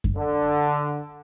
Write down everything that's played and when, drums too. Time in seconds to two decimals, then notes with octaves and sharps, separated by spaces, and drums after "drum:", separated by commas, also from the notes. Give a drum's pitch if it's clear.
0.04 drum: kick F#2
0.17 D3